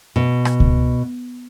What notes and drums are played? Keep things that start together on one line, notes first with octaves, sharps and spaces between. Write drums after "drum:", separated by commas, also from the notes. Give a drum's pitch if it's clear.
B2
drum: rim click
drum: kick C#2